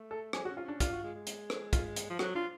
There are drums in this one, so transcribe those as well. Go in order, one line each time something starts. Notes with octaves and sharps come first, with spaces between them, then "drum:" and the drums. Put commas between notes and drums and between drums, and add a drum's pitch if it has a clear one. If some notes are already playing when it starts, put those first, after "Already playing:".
Already playing: A3
A4
F#3 G#4, drum: rim click
F#4
C#4
F4
C#4 D4
D4 F4, drum: kick, hi-hat
F#4
G#3
G#3
drum: hi-hat
drum: rim click
F4, drum: kick, hi-hat
drum: hi-hat
F3
F#3 F#4, drum: rim click
D4 F4